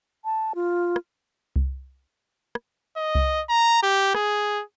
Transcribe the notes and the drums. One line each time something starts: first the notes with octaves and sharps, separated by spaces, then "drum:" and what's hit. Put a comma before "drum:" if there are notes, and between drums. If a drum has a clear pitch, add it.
A5
F4
drum: rim click
drum: kick C2
drum: rim click
D#5
drum: kick C2
A#5
G4
G#4, drum: rim click